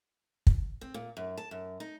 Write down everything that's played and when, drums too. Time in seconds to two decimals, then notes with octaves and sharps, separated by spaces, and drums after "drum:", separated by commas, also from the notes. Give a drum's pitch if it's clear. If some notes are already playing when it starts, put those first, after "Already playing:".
0.47 drum: kick
0.81 C4
0.94 A#2
1.17 F#2
1.37 A5
1.51 F#2
1.80 D#4